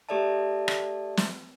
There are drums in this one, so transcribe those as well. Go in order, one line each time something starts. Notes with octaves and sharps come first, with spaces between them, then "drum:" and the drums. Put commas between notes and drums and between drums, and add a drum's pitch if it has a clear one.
A3 G4 A4 D5 E5 A5
drum: rim click
drum: snare